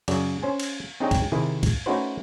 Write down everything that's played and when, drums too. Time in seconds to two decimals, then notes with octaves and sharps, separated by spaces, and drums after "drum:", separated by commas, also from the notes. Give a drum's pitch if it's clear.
0.08 F#2 C#3 D5, drum: cymbal
0.43 C#4 C5 G#5
0.60 drum: cymbal
1.00 C4 D4 D#4 G#4 C#5 G5
1.11 drum: kick, cymbal
1.32 C3 D#3 E4 G#4
1.63 drum: kick, cymbal
1.86 A3 C#4 D#4 F#4 B4 C5